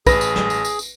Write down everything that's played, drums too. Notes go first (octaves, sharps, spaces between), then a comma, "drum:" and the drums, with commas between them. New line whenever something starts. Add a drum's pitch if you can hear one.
A1 G#4 B4 A#6, drum: kick, tambourine
drum: tambourine
drum: snare
drum: tambourine
drum: tambourine
drum: tambourine